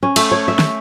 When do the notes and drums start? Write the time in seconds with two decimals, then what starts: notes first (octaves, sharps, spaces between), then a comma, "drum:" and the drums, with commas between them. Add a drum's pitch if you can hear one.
0.03 C#4
0.16 A3, drum: cymbal
0.31 C#5
0.48 E5
0.59 drum: snare